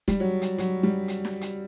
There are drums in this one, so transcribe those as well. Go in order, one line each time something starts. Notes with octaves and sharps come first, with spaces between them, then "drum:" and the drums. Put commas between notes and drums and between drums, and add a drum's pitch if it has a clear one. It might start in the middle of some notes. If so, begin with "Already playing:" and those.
G3, drum: kick F1, hi-hat
F#3
drum: hi-hat
F#3, drum: hi-hat
G3
drum: hi-hat
drum: snare
drum: hi-hat